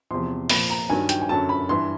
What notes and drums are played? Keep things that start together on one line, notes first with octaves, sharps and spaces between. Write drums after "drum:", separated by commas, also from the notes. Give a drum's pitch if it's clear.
E2 C3 F3 C6
A#2 F3 B5, drum: open hi-hat
A#5
G2 D#3 F#3 G#5
G5, drum: hi-hat
G#5
F#2 D3 F#3 A5
B5
G2 E3 C6